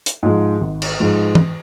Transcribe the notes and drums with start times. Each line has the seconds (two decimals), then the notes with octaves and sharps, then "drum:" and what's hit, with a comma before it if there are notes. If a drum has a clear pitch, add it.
0.06 drum: hi-hat
0.23 G#2 F3 G#3
0.61 G#1
0.82 drum: cymbal
1.00 G#2 F3 G#3
1.35 drum: tom